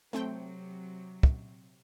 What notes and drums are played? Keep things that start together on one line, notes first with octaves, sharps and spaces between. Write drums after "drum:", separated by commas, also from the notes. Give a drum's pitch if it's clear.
C3 F#3 A3 C4 G5
drum: kick